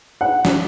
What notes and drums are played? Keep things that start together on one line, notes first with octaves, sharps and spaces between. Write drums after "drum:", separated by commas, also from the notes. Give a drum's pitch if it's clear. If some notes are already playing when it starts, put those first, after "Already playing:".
F#5
drum: snare